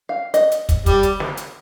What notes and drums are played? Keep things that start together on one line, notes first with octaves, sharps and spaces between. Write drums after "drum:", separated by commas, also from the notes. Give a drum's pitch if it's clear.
F5
D#5, drum: hi-hat
drum: hi-hat
drum: kick, hi-hat
G3, drum: kick, hi-hat
drum: hi-hat
drum: snare
drum: hi-hat